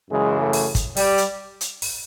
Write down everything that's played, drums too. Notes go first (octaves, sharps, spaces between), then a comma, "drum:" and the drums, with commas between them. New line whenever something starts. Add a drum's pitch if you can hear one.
F#2 C#3 E3 G#3
A3
drum: open hi-hat
drum: kick, hi-hat
G3, drum: open hi-hat
drum: hi-hat
drum: hi-hat
drum: open hi-hat